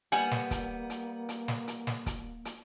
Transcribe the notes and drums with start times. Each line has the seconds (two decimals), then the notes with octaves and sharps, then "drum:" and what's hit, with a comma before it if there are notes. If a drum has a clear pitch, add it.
0.12 G3 A#3 B3 F#5 G#5, drum: hi-hat
0.31 drum: snare
0.51 drum: kick, hi-hat
0.90 drum: hi-hat
1.29 drum: hi-hat
1.48 drum: snare
1.68 drum: hi-hat
1.87 drum: snare
2.06 drum: kick, hi-hat
2.45 drum: hi-hat